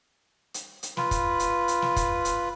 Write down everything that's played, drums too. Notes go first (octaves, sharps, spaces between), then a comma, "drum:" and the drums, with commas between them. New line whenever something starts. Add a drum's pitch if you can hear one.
drum: hi-hat
drum: hi-hat
F4 B4, drum: snare
drum: kick, hi-hat
drum: hi-hat
drum: hi-hat
drum: snare
drum: kick, hi-hat
drum: hi-hat